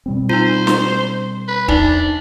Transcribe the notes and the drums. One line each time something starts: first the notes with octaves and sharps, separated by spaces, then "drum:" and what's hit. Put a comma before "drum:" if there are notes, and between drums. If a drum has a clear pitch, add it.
B2 G3 C4
D#4 F4 C5
C6, drum: snare
B4
E2 D4 D#4, drum: kick